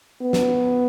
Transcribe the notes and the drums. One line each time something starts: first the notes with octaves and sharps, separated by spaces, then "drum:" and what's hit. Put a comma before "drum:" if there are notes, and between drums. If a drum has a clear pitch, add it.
B3
drum: snare